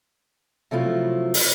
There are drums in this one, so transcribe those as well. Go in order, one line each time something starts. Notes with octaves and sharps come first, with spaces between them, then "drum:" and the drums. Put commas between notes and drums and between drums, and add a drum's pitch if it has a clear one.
C3 F3 F#3 A3 E4 F4
drum: open hi-hat